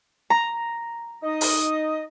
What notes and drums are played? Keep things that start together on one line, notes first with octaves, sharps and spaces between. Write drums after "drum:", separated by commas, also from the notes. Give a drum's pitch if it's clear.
A#5
D#4 D#5
drum: open hi-hat